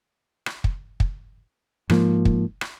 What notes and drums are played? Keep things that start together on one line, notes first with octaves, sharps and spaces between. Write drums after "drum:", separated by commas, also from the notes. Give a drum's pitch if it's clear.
drum: rim click
drum: kick
drum: kick
G#2 F3 A#3, drum: rim click
drum: kick
drum: rim click